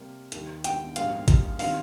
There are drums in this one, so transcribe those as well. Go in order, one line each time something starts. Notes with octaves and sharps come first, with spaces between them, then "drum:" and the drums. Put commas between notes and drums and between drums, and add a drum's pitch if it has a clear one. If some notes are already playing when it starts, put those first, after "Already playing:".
Already playing: C3 G3 A#3
D#2 D#3 G3, drum: hi-hat
G5, drum: hi-hat
A#1 G#2 G3 A#3 F5, drum: hi-hat
drum: kick G#1, hi-hat
D#3 G3 C4 F4 F5, drum: open hi-hat